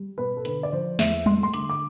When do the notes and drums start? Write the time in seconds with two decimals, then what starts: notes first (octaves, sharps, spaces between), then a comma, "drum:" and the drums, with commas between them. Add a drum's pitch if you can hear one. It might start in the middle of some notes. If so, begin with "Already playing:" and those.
Already playing: G3
0.18 B2 B4
0.37 A4
0.45 D3 B4, drum: hi-hat
0.63 D5
0.72 F3 C5
0.99 E2 E5, drum: snare
1.26 A3 C6, drum: tom G3
1.43 C6
1.54 D3 D6, drum: hi-hat
1.70 D6